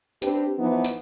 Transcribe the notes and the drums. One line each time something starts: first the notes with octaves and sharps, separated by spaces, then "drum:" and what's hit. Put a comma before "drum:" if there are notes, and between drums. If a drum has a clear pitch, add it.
C4 D4 G4 B4, drum: tambourine
E3 F3 B3 D#4
drum: tambourine